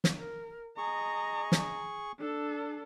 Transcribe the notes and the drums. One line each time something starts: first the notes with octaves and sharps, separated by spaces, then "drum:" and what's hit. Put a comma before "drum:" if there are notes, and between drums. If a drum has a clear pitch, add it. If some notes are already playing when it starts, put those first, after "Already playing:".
drum: snare
A#4
G#4 D#5 A#5 C#6
drum: snare
D4 A4